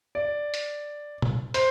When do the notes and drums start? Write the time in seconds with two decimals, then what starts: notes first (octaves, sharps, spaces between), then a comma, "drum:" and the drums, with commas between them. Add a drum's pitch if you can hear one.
0.15 D5
0.54 drum: hi-hat
1.22 drum: tom A#2
1.54 C5, drum: hi-hat